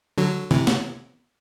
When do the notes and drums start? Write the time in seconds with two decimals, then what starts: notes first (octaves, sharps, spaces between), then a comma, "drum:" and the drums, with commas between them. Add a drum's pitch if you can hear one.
0.18 D3 F#3
0.51 C3 E3, drum: tom C#3
0.67 drum: snare